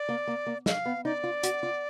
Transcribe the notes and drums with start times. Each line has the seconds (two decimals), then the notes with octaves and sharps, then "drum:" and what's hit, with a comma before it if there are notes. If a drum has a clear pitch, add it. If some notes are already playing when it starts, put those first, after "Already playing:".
Already playing: D5
0.09 A#3
0.27 A#3
0.47 A#3
0.66 G#3 F5, drum: snare
0.86 B3
1.05 D#4 D5
1.24 F4
1.43 F#4, drum: hi-hat
1.63 F4